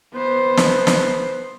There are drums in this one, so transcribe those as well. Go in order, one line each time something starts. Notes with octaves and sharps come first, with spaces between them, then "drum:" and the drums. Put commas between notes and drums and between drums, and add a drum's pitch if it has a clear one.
B3 C5
drum: snare
drum: snare